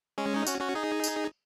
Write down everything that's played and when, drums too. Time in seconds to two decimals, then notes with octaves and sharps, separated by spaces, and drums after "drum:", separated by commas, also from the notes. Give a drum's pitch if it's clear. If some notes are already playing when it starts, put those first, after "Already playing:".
0.18 G#3 C#4
0.36 D#4
0.47 C#4 F#4, drum: tambourine
0.61 C#4 F#4
0.75 D#4 G#4
1.04 drum: tambourine